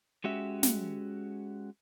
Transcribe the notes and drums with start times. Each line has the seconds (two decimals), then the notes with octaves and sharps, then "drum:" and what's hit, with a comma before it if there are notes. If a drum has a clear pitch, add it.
0.24 G#3 C#4 F#4 G4 E5
0.63 drum: snare